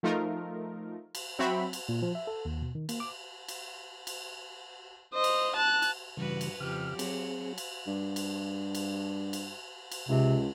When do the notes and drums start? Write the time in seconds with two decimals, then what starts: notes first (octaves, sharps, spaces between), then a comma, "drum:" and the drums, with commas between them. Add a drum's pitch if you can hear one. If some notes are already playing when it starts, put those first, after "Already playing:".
0.03 F3 A3 D#4 F4 A#4
1.15 drum: cymbal
1.39 F#3 C4 F#4 E5 B5
1.73 drum: cymbal
1.89 A#2
2.02 F3
2.15 E5
2.27 A4
2.45 D#2
2.62 B2
2.75 D#3
2.89 A#3, drum: cymbal
3.00 D6
3.48 drum: cymbal
4.07 drum: cymbal
5.14 C5 D#5
5.24 drum: cymbal
5.56 A5 F#6
5.82 drum: cymbal
6.17 G2 C#3 E3 G3 F#4 B4
6.41 drum: cymbal
6.60 F2 C#3 G4 F6
6.99 F#3 C4 G#4, drum: cymbal
7.58 drum: cymbal
7.87 G2
8.16 drum: cymbal
8.75 drum: cymbal
9.33 drum: cymbal
9.91 drum: cymbal
10.09 C#2 C3